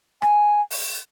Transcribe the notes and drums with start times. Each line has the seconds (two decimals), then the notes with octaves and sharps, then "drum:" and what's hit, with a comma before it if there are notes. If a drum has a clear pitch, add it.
0.22 G#5, drum: rim click
0.71 drum: open hi-hat